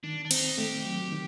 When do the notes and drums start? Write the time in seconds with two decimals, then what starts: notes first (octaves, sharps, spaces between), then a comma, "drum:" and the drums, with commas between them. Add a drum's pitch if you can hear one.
0.04 D#3 D4
0.25 D4
0.31 C4 D#4, drum: cymbal
0.58 A3 G4
0.85 F#3
1.12 D#3